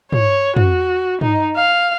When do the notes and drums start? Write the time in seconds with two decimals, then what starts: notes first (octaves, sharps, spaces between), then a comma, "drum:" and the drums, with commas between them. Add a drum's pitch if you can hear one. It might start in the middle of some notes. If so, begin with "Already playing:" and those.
0.12 C#5, drum: tom
0.56 F#4, drum: tom
1.21 D#4, drum: tom
1.56 F5